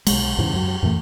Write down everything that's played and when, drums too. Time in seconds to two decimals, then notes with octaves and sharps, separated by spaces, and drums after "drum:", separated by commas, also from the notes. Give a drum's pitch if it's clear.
0.07 B1 G#3, drum: cymbal
0.38 C#2 G#2 C#3 E3
0.52 F#2 F#3
0.83 F#2 A#2 E3 A3